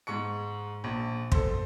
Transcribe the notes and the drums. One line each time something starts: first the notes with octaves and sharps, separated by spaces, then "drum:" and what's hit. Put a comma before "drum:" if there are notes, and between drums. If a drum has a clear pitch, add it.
G#2 C#6 C#7
A#1
A4 C5, drum: kick